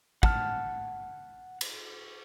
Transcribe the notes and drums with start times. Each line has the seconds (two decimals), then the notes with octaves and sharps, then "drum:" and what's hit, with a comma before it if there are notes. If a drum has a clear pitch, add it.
0.23 F#5 A5 F6, drum: kick
1.61 drum: cymbal